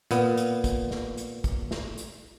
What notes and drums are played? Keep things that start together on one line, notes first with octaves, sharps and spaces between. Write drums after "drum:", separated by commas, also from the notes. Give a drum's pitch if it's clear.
A#2 B3, drum: hi-hat
drum: hi-hat
drum: kick, hi-hat
drum: snare
drum: hi-hat
drum: kick, hi-hat
drum: snare
drum: hi-hat